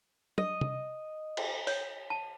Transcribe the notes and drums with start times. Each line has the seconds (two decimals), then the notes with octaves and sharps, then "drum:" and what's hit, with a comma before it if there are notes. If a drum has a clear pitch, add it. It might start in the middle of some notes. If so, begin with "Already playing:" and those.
0.38 D#5, drum: tom
0.61 drum: tom
1.37 drum: cymbal
1.67 C#5, drum: open hi-hat
2.10 A5